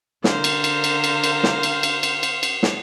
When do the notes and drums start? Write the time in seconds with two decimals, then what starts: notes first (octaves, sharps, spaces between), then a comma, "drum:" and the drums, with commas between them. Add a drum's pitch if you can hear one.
0.24 D3 A#4 C5 F5, drum: snare
0.44 drum: cymbal
0.64 drum: cymbal
0.84 drum: cymbal
1.04 drum: cymbal
1.24 drum: cymbal
1.43 drum: snare
1.63 drum: cymbal
1.83 drum: cymbal
2.03 drum: cymbal
2.23 drum: cymbal
2.43 drum: cymbal
2.63 drum: snare